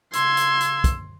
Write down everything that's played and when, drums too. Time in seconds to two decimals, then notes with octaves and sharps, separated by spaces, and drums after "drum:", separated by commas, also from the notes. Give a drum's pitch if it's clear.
0.13 C#3 C6 E6 G#6, drum: hi-hat
0.37 drum: hi-hat
0.61 drum: hi-hat
0.84 drum: kick, hi-hat